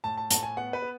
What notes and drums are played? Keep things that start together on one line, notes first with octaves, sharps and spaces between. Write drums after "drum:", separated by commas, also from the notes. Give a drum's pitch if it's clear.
A2 A5
A5
A2 A5, drum: hi-hat
G#5
B3 F#5
B4
B3